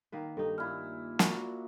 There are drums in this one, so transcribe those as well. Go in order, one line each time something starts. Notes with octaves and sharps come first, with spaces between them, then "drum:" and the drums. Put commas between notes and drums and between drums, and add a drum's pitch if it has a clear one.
D#3 A#3 B4
G2 D#4 A4
A#2 E4 F6
D4 F#4 A#4, drum: snare